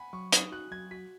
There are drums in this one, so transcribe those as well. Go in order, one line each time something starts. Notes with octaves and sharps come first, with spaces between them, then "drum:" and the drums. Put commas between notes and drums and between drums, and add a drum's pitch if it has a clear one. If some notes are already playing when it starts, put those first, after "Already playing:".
Already playing: F#5 G#5 B5
F#3 C#6
D#4 D#6, drum: hi-hat
F#4 F#6
F#3 G#6
F#4 B6